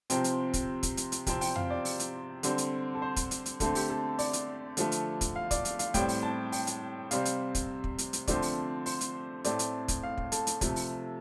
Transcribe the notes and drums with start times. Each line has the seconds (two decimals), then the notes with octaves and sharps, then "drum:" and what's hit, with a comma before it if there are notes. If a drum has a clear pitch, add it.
0.10 C3 F3 C4 G5, drum: hi-hat
0.24 drum: hi-hat
0.53 drum: kick, hi-hat
0.83 drum: kick, hi-hat
0.97 drum: hi-hat
1.12 drum: hi-hat
1.27 C3 F3 C4 G5, drum: kick, hi-hat
1.41 G5, drum: open hi-hat
1.56 F5, drum: tom F2
1.70 D5
1.85 drum: open hi-hat
2.00 drum: hi-hat
2.43 D3 G3 C4, drum: hi-hat
2.58 drum: hi-hat
2.95 A4
3.02 C5
3.16 drum: kick, hi-hat
3.31 drum: hi-hat
3.46 drum: hi-hat
3.60 D3 A3 C4 A4, drum: kick, hi-hat
3.75 G4, drum: open hi-hat
3.90 A4
4.19 D5, drum: open hi-hat
4.33 drum: hi-hat
4.77 D3 F3 A3, drum: hi-hat
4.92 drum: hi-hat
5.21 drum: kick, hi-hat
5.36 F5
5.51 D5, drum: kick, hi-hat
5.65 F5, drum: hi-hat
5.79 F5, drum: hi-hat
5.94 A2 G3 C4 G5, drum: kick, hi-hat
6.09 drum: open hi-hat
6.23 A5
6.52 G5, drum: open hi-hat
6.67 drum: hi-hat
7.11 C3 G3 C4 F5, drum: hi-hat
7.25 drum: hi-hat
7.55 drum: kick, hi-hat
7.84 drum: kick
7.98 drum: hi-hat
8.13 drum: hi-hat
8.28 D3 F3 A3 C4 D5, drum: kick, hi-hat
8.42 drum: open hi-hat
8.86 C5, drum: open hi-hat
9.01 drum: hi-hat
9.44 A2 A3 C4 D5, drum: hi-hat
9.59 drum: hi-hat
9.88 drum: kick, hi-hat
10.03 F5
10.18 drum: kick
10.32 A4, drum: hi-hat
10.47 drum: hi-hat
10.61 C3 F3 A3, drum: kick, hi-hat
10.76 drum: open hi-hat